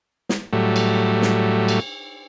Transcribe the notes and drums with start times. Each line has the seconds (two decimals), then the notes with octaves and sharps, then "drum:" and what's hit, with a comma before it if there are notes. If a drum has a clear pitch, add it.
0.29 drum: snare
0.53 A2 F#3 G3 A3
0.76 drum: cymbal
1.22 drum: snare
1.69 drum: cymbal